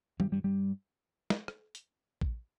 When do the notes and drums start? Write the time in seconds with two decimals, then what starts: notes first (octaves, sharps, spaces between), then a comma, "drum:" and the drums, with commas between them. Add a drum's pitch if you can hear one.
0.20 G2 G3, drum: tom D#3
0.32 G2 G3
0.44 G2 G3
1.30 drum: snare
1.48 drum: rim click
1.75 drum: hi-hat
2.21 drum: kick A#1